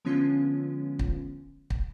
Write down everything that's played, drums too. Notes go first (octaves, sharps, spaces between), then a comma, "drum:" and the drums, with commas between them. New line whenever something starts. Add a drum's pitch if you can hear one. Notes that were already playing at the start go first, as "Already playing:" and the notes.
D3 F3 G#3 B3 C#4 F4
drum: kick
drum: kick